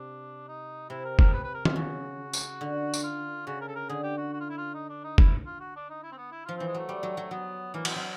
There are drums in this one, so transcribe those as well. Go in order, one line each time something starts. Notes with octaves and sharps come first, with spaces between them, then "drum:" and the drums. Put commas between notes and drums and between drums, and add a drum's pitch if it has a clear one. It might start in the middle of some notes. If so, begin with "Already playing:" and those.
Already playing: C3 D4
D#4
C3 E4
A#4
A#4, drum: kick
B4
B4
A#4
F4, drum: tom D#3
C#3 F#4
drum: tambourine
D3
drum: tambourine
F4
C#3 F#4
A#4
A4
A#4
D3 G#4
G4
F#4
F#4
F4
E4
F4
D#4
D4
D#4
E4, drum: kick
F4
F#4
D4
D#4
E4
C4
B3
E4
F3 F4
E3 C4
G#3
F#3 A3
G3
F#3
F#3
F#3 B3
E3 A#3
F#3 C4, drum: cymbal
F#3